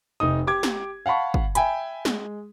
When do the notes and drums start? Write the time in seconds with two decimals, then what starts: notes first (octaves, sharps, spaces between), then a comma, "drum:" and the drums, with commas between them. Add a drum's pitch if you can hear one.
0.20 F1 D#4 D#6
0.47 G4 D6 G#6
0.63 drum: snare
1.06 F5 F#5 A5 B5 C#6
1.34 drum: kick
1.55 E5 G5 G#5 B5, drum: hi-hat
2.05 G#3, drum: snare